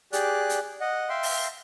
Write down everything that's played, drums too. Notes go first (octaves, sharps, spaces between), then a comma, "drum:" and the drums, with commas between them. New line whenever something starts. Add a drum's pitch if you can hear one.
G4 G#4 D5 F#6, drum: hi-hat
drum: hi-hat
D#5 F#5
E5 F5 G5 C6
drum: open hi-hat